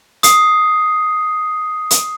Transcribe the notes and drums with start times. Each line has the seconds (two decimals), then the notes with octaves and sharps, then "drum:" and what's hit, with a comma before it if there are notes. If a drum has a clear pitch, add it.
0.23 D#6 C7, drum: hi-hat
1.91 drum: hi-hat